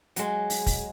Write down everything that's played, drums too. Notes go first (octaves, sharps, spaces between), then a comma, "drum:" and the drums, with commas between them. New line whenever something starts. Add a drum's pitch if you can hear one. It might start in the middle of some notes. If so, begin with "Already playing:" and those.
F#3 G#3, drum: hi-hat
drum: open hi-hat
drum: kick, open hi-hat